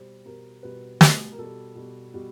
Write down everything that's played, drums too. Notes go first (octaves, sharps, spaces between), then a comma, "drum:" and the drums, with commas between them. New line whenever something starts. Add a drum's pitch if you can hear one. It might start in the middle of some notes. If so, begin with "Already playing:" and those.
Already playing: B2 G3 C5
B2 G3 A#4
B2 G3 B4
B2 G3, drum: snare
A#4
B2 G3 A4
B2 G3
B2 G3